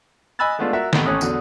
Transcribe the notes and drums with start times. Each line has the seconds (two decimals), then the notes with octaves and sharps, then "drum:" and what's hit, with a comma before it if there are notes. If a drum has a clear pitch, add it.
0.39 D#5 G#5 B5 E6 F#6 A6
0.59 G#3 A3 B3 D4 F4
0.73 F#4 A#4 E5
0.93 A2 C3 D#3 E3 B3, drum: snare
1.06 A1 A3 C#4 D#6 F#6
1.21 E2 D3 F#3, drum: tambourine